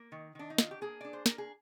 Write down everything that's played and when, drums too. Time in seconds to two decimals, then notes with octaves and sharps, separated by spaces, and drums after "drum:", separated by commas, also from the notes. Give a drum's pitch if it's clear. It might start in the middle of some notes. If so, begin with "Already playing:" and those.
Already playing: A#3
0.12 D#3
0.35 D#3 D4
0.50 D#4
0.58 D4 F4, drum: snare
0.71 G4
0.81 A#3 G#4
1.01 D4 D5
1.13 C5
1.26 A#3 A#4, drum: snare
1.38 G#4